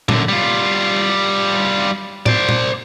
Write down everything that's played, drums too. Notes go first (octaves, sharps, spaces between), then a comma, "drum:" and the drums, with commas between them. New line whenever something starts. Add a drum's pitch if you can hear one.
F#2 D3, drum: tom A#2
G3 F4
C5 D5, drum: tom
drum: tom A#2